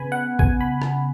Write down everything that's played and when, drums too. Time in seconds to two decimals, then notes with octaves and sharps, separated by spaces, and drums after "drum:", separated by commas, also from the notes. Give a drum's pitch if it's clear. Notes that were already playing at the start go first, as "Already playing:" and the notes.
Already playing: C#3 B3 G#5 B5
0.12 F#5
0.39 G#5, drum: kick
0.61 B5
0.82 drum: rim click